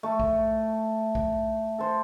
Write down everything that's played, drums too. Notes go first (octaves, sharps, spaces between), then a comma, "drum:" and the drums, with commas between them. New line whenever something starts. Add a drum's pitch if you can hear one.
A3
drum: kick A#1
drum: kick A#1
A4 C5